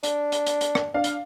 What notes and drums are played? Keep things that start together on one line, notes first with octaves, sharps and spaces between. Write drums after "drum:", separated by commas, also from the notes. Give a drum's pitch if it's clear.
D4, drum: hi-hat
drum: hi-hat
drum: hi-hat
drum: hi-hat
drum: rim click
D4 F5
drum: hi-hat